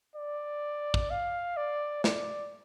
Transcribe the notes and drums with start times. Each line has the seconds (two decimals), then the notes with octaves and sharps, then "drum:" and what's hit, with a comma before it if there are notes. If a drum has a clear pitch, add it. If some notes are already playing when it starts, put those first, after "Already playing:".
0.16 D5
0.94 drum: kick
1.10 F5
1.57 D5
2.04 D5, drum: snare